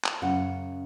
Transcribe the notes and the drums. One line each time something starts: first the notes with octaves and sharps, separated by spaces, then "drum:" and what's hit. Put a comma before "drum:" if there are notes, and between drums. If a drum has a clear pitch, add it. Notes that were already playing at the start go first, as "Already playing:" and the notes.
drum: clap
F#2 C#3 F#5